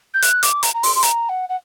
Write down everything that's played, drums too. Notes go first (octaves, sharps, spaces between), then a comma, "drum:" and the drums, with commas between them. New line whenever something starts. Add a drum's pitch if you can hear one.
G6
F#6, drum: hi-hat
D6, drum: hi-hat
A#5, drum: hi-hat
A#5
C6, drum: open hi-hat
C6
A#5, drum: hi-hat
F#5
F#5